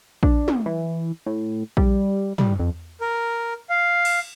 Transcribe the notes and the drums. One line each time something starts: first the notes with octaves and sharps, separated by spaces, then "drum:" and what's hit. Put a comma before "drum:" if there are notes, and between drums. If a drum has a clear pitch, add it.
D4, drum: kick A#1
drum: tom
E3
A2
G3, drum: kick A#1
G3, drum: tom
F2
A#4
F5
drum: cymbal